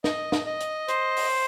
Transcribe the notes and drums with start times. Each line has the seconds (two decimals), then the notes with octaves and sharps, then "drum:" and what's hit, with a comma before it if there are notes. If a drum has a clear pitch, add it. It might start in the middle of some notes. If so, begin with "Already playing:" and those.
0.04 D#5, drum: snare
0.32 drum: snare
0.46 D#5
0.60 drum: hi-hat
0.88 C5, drum: hi-hat
1.16 drum: open hi-hat